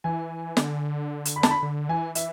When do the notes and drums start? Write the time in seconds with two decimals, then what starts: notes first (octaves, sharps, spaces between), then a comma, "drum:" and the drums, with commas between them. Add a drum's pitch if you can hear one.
0.04 E3 G#5
0.57 D3, drum: snare
1.25 drum: hi-hat
1.36 B5
1.43 A5, drum: snare
1.51 B5
1.63 D3
1.89 E3 G#5
2.15 E3 E5, drum: hi-hat